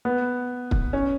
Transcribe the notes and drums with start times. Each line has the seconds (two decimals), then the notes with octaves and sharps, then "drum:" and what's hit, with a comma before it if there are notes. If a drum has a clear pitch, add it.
0.05 B3
0.71 drum: kick
0.93 C#4